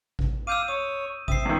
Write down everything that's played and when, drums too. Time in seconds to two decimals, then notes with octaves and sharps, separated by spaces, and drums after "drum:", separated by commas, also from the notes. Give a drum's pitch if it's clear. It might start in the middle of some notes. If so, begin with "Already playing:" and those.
0.19 drum: kick A1
0.47 F5 D6 E6 G6 D#7
0.68 C#5 D#6
1.28 C4 E5 D#6 C7, drum: kick A1
1.45 E2 D#3